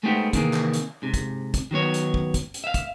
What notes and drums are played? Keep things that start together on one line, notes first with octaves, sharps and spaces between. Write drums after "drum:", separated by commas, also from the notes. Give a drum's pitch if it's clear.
G#3 A3 B3 C4 D#4 G4
C3 D#3 E3 A#3 G#4, drum: kick, hi-hat
drum: clap
drum: hi-hat
G#2 C3
drum: kick, hi-hat
drum: kick, hi-hat
D#3 F#3 B3 C#5
drum: hi-hat
drum: kick
drum: kick, hi-hat
drum: hi-hat
E5 F5
drum: kick, hi-hat